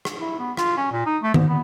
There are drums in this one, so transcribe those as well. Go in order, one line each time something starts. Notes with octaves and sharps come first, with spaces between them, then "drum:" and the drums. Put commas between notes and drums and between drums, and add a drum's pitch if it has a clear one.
drum: rim click
E4
B3
F4, drum: rim click
C#4
A#2
D#4
A3
G#2, drum: tom D#3
B3